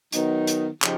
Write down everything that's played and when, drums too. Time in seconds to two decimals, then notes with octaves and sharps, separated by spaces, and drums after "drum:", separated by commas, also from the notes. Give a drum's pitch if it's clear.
0.12 D#3 F#3 B3 D#4, drum: hi-hat
0.47 drum: hi-hat
0.82 C#3 F3 D#4 G4, drum: clap